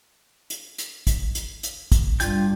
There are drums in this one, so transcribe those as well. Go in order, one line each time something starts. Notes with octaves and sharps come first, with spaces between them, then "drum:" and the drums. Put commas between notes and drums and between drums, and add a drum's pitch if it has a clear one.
drum: hi-hat
drum: hi-hat
drum: kick, hi-hat
drum: hi-hat
drum: hi-hat
drum: kick, hi-hat
G2 G3 F4 G5 G6, drum: hi-hat